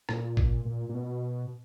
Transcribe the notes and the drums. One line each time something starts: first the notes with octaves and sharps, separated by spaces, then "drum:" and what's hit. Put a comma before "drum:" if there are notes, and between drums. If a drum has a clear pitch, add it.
A#2, drum: rim click
drum: kick
A#2
A#2
B2